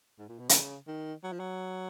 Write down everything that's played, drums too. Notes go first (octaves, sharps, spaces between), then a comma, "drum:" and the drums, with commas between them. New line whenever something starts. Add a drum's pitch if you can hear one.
G#2
A#2
B2
C#3, drum: hi-hat
D#3
F#3
F3
F#3